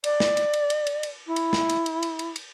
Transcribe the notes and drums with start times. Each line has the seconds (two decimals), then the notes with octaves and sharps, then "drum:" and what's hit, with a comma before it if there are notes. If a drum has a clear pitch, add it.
0.04 D5, drum: cymbal
0.20 drum: snare
0.37 drum: cymbal
0.53 drum: cymbal
0.70 drum: cymbal
0.87 drum: cymbal
1.03 drum: cymbal
1.26 E4
1.36 drum: cymbal
1.53 drum: snare
1.69 drum: cymbal
1.86 drum: cymbal
2.03 drum: cymbal
2.19 drum: cymbal
2.36 drum: cymbal